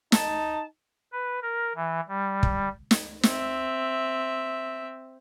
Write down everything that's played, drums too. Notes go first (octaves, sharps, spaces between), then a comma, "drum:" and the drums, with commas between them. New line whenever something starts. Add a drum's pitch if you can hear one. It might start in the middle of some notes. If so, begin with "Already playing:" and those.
D#4 A5, drum: snare
B4
A#4
E3
G3
drum: kick
drum: snare
C4 E5, drum: snare